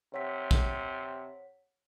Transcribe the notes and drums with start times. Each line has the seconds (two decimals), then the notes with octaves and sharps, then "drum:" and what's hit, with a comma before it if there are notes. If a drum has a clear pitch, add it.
0.14 C3 C#5 F#5 B6
0.51 drum: kick